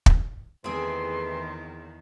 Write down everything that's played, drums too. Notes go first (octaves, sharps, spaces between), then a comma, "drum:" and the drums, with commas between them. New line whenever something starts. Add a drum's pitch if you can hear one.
drum: kick
E2 D#3 E3 A3 C4 G#4 B4 C6